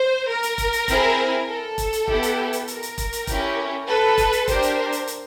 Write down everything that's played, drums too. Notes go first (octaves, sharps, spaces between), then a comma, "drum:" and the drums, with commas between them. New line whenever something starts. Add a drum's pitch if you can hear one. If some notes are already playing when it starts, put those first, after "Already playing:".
Already playing: C5
A#4
drum: hi-hat
drum: kick E1, hi-hat
drum: hi-hat
C4 E4 G#4, drum: kick E1, hi-hat
A4
drum: kick E1, hi-hat
drum: hi-hat
B3 E4 G4, drum: kick E1
drum: hi-hat
drum: hi-hat
A#4, drum: hi-hat
drum: hi-hat
drum: kick E1, hi-hat
drum: hi-hat
C#4 E4 G4, drum: kick E1, hi-hat
A4 B4
drum: kick E1, hi-hat
drum: hi-hat
D4 G4 A#4 C5, drum: kick E1, hi-hat
drum: hi-hat
drum: hi-hat
drum: hi-hat